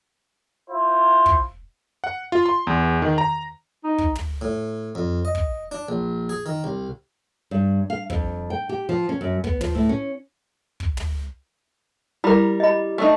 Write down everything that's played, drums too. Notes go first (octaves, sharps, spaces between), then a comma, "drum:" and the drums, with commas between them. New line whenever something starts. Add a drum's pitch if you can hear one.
E4 F4 C5
drum: kick
F#5
F4
C6
E2
D#3
A#5
D#4
drum: kick
drum: tom
A2
F2
D#5
drum: kick
D4
A#1
G#4
D#3
C2
G2
F5
F2, drum: kick
G5
G4
F3
C#4
F#2
B3, drum: kick
F3, drum: tom
A2
C#4
drum: kick
drum: tom
G3 E4 A#4 B5
D#5 B5
A3 D4 D#4